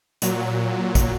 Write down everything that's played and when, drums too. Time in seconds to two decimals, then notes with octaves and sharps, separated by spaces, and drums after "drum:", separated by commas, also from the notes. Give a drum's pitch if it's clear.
0.22 A#2 F#3, drum: hi-hat
0.95 drum: kick, hi-hat